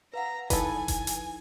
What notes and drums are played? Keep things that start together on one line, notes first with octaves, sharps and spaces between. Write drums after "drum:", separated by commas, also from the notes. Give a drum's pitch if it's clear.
B4 F5 F#5 A#5
F3 D#4 E4 A4 B4 G#5, drum: kick F#1, hi-hat
drum: kick F#1, hi-hat
drum: hi-hat